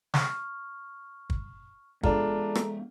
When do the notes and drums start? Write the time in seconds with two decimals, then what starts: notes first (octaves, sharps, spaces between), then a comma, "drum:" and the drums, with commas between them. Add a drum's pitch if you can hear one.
0.14 C#6 F6, drum: snare
1.30 drum: kick
2.03 G#3 B3 D4 F4 G#4 A4 A#5, drum: kick
2.55 drum: rim click